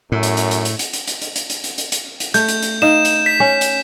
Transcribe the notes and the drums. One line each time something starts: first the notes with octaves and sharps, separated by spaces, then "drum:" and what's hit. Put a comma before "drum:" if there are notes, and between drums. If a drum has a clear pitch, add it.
F#2 A2
drum: hi-hat
drum: hi-hat
drum: hi-hat
drum: hi-hat
drum: hi-hat
drum: hi-hat
drum: hi-hat
drum: hi-hat
drum: hi-hat
drum: hi-hat
drum: hi-hat
drum: hi-hat
drum: hi-hat
drum: hi-hat
A3 G6, drum: hi-hat
drum: hi-hat
drum: hi-hat
D#4 F5 E7
drum: hi-hat
B6
C#4
drum: hi-hat